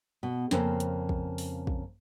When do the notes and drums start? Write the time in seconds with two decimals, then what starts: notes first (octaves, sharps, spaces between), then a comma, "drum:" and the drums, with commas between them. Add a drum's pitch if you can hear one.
0.23 B2
0.51 F2 C#3 A#3 A4 C5, drum: snare
0.80 drum: hi-hat
1.09 drum: kick
1.38 drum: open hi-hat
1.67 drum: kick